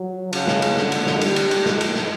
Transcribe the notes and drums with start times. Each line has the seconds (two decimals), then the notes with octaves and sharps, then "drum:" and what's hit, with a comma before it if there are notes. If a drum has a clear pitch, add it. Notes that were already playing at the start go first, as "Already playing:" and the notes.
Already playing: F#3
0.33 C#3, drum: cymbal
0.47 drum: snare
0.62 drum: cymbal
0.77 D3, drum: snare
0.92 drum: cymbal
1.07 drum: snare
1.21 G3, drum: cymbal
1.36 drum: cymbal
1.51 drum: cymbal
1.66 drum: snare
1.81 drum: cymbal
1.95 drum: snare